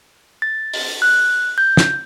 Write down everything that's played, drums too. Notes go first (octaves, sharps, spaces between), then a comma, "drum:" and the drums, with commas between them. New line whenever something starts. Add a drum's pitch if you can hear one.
A6
drum: open hi-hat
F#6
G6
drum: snare